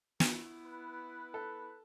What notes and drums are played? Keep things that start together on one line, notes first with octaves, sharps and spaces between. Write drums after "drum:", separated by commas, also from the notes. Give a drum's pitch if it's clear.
B3 E4, drum: snare
B4
A4